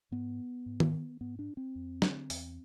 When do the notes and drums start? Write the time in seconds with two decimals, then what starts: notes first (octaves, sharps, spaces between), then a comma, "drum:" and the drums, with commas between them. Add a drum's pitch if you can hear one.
0.12 G#2 B3
0.66 G#2
0.80 drum: tom D#3
1.21 G#2 B3
1.39 D4
1.57 C4
1.75 F2
2.02 D3, drum: snare
2.30 E2, drum: open hi-hat